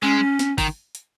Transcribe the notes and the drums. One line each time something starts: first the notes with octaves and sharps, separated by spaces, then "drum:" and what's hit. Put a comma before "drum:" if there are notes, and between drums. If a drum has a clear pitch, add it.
G#3 C#4
drum: snare
D#3, drum: kick G#1, open hi-hat
drum: hi-hat